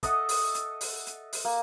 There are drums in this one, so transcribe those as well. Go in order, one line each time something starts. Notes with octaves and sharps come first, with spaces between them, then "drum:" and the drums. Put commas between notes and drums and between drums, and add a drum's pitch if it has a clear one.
A4 D#5 E5 F#5, drum: kick, hi-hat
drum: open hi-hat
drum: hi-hat
drum: open hi-hat
drum: hi-hat
drum: open hi-hat
A#3